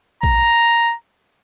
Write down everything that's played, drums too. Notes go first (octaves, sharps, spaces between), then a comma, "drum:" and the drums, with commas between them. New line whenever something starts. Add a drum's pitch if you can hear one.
A#5, drum: kick A#1